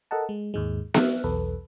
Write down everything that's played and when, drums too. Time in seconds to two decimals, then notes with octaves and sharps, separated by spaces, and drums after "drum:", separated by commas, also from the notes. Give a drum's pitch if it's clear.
0.11 A4 A#4 D#5 F#5 A5
0.29 G#3
0.54 D#2 G#2 G#3
0.94 E5 F6 F#6, drum: snare B3
1.24 B1 E2 A4 B4